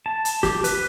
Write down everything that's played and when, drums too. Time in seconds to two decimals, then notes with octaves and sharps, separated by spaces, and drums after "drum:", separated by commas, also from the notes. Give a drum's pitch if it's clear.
0.06 A5
0.25 drum: hi-hat
0.43 G4, drum: snare
0.64 B4, drum: hi-hat